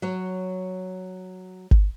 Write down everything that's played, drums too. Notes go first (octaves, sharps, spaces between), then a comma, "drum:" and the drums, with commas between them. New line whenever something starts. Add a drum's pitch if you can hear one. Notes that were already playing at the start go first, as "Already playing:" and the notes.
F#3 C#5
drum: kick G#1